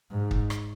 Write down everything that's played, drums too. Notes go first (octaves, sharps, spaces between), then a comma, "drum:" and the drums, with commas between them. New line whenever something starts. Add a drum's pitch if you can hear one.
G#2
drum: kick
drum: rim click